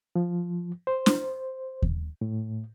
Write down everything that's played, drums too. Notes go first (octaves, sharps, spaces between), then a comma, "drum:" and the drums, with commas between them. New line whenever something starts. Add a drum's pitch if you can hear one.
F3
C5
drum: snare
drum: kick D#2
A2